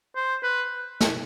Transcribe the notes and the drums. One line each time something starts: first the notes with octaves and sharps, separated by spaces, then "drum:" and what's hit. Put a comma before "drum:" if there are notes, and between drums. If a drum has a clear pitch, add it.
C5
B4
drum: snare